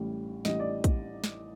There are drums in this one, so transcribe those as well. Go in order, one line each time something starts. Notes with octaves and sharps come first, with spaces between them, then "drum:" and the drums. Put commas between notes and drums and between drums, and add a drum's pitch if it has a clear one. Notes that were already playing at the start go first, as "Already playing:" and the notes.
Already playing: A1 A2 G3
A1 A2 G3 D#5, drum: snare
D5
drum: kick, hi-hat
drum: snare